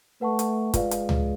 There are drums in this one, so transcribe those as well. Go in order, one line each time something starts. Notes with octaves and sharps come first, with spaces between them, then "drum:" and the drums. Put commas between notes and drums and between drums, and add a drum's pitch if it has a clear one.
A3 B4 F#5 A5 C#6
drum: hi-hat
G#3 F4 B4 D5 F5, drum: kick, hi-hat
drum: hi-hat
drum: tom C#2